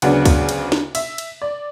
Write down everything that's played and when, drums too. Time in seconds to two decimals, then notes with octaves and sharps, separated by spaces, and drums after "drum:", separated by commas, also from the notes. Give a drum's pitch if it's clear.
0.02 D2 C#3 F#3 B3 D4 F#5, drum: cymbal
0.25 drum: kick C2, cymbal
0.49 drum: cymbal
0.72 drum: snare
0.95 E5, drum: cymbal
1.18 drum: cymbal
1.42 D5